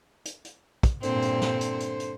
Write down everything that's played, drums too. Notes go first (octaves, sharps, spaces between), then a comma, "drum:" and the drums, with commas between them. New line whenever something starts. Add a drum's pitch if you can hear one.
drum: hi-hat
drum: hi-hat
drum: kick, hi-hat
G2 A#2 D3 C4 C5, drum: hi-hat
drum: hi-hat
drum: snare
drum: hi-hat
drum: hi-hat
drum: hi-hat